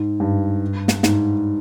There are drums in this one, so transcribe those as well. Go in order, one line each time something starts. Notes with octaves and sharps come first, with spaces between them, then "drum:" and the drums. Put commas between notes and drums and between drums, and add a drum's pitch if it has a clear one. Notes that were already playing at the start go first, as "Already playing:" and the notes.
Already playing: G#2
G2
drum: snare
G#2, drum: snare